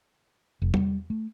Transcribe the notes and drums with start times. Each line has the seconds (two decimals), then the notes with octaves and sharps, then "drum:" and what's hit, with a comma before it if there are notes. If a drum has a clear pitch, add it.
0.62 F1
0.74 G3, drum: tom E2
1.10 A3